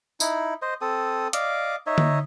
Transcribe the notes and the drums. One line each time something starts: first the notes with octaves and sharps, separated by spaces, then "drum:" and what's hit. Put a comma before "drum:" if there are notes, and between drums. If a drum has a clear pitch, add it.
D#4 E4, drum: tambourine
C5 D#5
C4 A4 D#6
D5 D#5 F5 D6, drum: hi-hat
D#4 C#5 D#5 E5
drum: tom D3